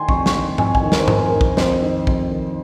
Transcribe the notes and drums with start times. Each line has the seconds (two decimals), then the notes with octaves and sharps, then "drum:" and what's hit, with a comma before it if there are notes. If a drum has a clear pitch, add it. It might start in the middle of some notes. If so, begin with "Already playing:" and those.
Already playing: D#3 G5 G#5 C6
0.09 F2 C#6, drum: kick A#1
0.26 C#6, drum: snare
0.34 D#3
0.58 F2 G#5, drum: tom G#2
0.75 G#5, drum: kick A#1
0.83 D#3
0.92 A#4, drum: snare
1.00 C5
1.08 F2 A#4, drum: tom G#2
1.19 C5
1.28 D#3 A#4
1.41 drum: kick A#1
1.57 F2 C5, drum: snare
1.82 D#3
2.07 F2, drum: kick A#1
2.31 D#3